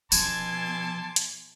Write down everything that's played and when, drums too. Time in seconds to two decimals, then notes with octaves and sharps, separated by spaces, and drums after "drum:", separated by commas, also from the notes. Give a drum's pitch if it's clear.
0.12 B2 F3 C#4 G#5 A5 C6 D6 G#6, drum: tambourine
1.16 drum: hi-hat